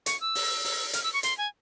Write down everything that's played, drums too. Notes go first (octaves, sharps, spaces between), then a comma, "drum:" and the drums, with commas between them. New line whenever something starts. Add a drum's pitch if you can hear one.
C#6, drum: hi-hat
E6
drum: open hi-hat
drum: open hi-hat
F6, drum: hi-hat
E6
C#6
C6, drum: hi-hat
G#5